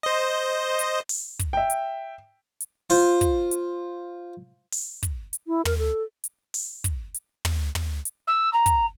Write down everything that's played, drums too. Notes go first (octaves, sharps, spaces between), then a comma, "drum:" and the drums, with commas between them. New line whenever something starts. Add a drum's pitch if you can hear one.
C5 D#5
drum: hi-hat
drum: open hi-hat
drum: kick, hi-hat
E5 G5
drum: hi-hat
drum: hi-hat
F4 C5, drum: open hi-hat
drum: kick, hi-hat
drum: hi-hat
drum: open hi-hat
drum: kick, hi-hat
drum: hi-hat
E4
A#4, drum: tom
A4
drum: hi-hat
drum: open hi-hat
drum: kick, hi-hat
drum: hi-hat
drum: tom
drum: tom
drum: hi-hat
E6
A#5
drum: kick, hi-hat